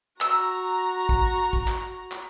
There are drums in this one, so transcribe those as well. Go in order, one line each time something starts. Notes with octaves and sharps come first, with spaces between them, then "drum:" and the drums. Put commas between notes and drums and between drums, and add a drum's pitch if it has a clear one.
F#4 A#5 E6, drum: clap
drum: kick
drum: kick
drum: clap
drum: clap